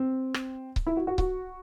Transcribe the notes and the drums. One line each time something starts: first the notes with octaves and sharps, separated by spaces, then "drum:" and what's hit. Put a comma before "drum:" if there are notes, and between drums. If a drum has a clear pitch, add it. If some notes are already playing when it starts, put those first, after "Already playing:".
Already playing: C4
drum: rim click
drum: kick C#1
E4
F#4
F#4
F#4, drum: kick C#1